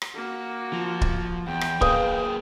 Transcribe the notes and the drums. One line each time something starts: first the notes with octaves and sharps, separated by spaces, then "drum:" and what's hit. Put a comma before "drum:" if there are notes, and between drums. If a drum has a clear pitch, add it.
drum: rim click
A#3 F#4
F3
drum: kick D1
E2 G5
drum: rim click
A#3 G#4 B4 F5 D#6, drum: kick D1